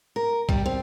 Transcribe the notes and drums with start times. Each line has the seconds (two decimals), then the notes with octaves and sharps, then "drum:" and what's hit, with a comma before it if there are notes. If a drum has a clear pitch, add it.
0.16 A#4
0.49 G3, drum: kick B1
0.66 C4